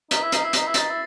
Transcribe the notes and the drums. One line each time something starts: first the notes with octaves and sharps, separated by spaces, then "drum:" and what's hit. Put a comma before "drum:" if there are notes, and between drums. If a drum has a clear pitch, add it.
D#4 B6, drum: hi-hat
E4
D#4 C7, drum: hi-hat
E4
B6, drum: hi-hat
D#4
E4
A6, drum: hi-hat
D#4
E4